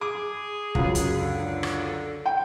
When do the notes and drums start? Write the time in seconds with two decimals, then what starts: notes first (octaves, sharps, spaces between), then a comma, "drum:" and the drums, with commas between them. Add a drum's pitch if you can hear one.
0.01 G#4 D6
0.75 C#2 F#2, drum: kick
0.95 drum: hi-hat
1.20 D3
1.63 drum: rim click
2.26 G5